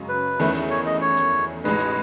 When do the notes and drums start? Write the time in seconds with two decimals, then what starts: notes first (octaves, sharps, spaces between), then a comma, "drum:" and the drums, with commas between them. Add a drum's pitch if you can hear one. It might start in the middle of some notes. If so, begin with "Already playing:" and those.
Already playing: F#2 C#3 G#3 C#4
0.09 B4
0.40 E2 D#3 A3 C#4 E4
0.55 drum: hi-hat
0.70 C#5
0.86 D#5
1.01 C#5
1.17 drum: hi-hat
1.64 A1 A2 G#3 D#4 B4
1.79 drum: hi-hat